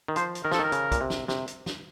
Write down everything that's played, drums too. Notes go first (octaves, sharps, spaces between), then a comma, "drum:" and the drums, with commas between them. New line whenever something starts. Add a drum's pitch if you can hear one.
D#3
F3 C5, drum: hi-hat
drum: hi-hat
D#3 A#4
F3 A4, drum: snare
D#3 A#4
C#3, drum: hi-hat
A#2, drum: kick, hi-hat
C3
drum: snare
C3, drum: snare
drum: hi-hat
drum: snare